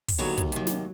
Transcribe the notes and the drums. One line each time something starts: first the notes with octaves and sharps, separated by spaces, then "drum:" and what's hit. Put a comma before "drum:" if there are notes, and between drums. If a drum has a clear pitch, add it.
drum: kick, open hi-hat
D#2 D3 F#3 B3 C#5
drum: kick, hi-hat
C3 D#3 F#3, drum: hi-hat
drum: snare